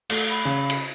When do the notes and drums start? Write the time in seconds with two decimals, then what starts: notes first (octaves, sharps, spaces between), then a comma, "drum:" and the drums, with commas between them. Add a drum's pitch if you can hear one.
0.10 A3, drum: cymbal
0.30 B5
0.45 C#3
0.70 drum: cymbal